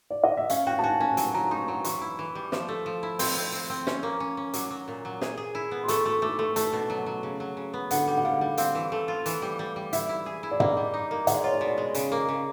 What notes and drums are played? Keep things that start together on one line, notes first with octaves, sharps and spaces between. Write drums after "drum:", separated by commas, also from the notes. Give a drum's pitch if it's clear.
D5
D#5
E5
C#4 F5, drum: hi-hat
F#4 G5
A5
F#4 G#5
C#4 G#5
F#3, drum: hi-hat
F#3 A#5
D#4 C#6
F#3 C#6
E3 C#6, drum: hi-hat
E4
E3
G3
F3, drum: snare
A3
F3
E4
C4 C6, drum: open hi-hat
C4
C4
C4
C#4, drum: snare
A#3
C#4
C#4
F#3 D6, drum: hi-hat
F#3
A#2
F#3
G#4, drum: snare
G#4
E4
B3
C6
A3 C#6, drum: hi-hat
A3 C#6
A3 D6
A3 C#6
A3 A5, drum: hi-hat
B2
F#3
F#3
C#3
F#3
C#3
B3
D3 F#5, drum: hi-hat
G3
F#5
D3 F5
G3
C4 F5, drum: hi-hat
E3
A3
F4
E3, drum: hi-hat
G3
G3
G3
E4 E5, drum: hi-hat
E4
G#4
E4
D5
A#3 D#5, drum: tom
G3
D#4
A#3
G#3 D#5, drum: hi-hat
D5
F4 C#5
D5
B2
G#3
C#3, drum: hi-hat
A#3
C#3